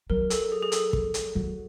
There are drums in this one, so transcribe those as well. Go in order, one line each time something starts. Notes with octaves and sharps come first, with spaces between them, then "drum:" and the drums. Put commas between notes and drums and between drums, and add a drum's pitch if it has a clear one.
F#3 A#4
A4, drum: hi-hat
G#4
G#4
A4, drum: hi-hat
drum: kick
drum: hi-hat
F#3